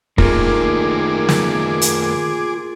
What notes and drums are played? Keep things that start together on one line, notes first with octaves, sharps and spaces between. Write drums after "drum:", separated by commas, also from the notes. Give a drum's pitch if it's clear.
D#3 A3 A#3 F4 G#4 A#4 D6, drum: kick
drum: snare
drum: hi-hat